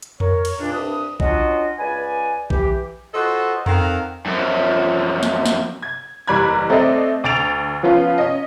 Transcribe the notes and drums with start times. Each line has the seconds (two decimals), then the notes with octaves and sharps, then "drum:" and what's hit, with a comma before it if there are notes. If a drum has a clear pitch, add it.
0.02 drum: hi-hat
0.20 A#4 C#5, drum: tom F2
0.45 drum: cymbal
0.60 C#2 A#2 D4
0.73 C2 G2 D4 B4 D#6
1.20 F#3 C#4 D4 F4 F#4 D#5, drum: kick A#1
1.79 C#2 B4 D5 G#5
2.50 E3 G4, drum: kick A#1
3.13 F4 F#4 A4 B4 C5 D#5
3.66 D#3 C4 A4 F5 F#5 A#5, drum: tom F2
4.26 F#2 F3
5.23 drum: snare
5.46 drum: snare
5.82 G#6
6.27 F#1 E2 G3 B5 F#6 G#6
6.70 A3 C4 D5 D#5
7.24 D2 A6 D7 F7
7.83 F3 B3 C#4 F4
8.18 C#4 D#5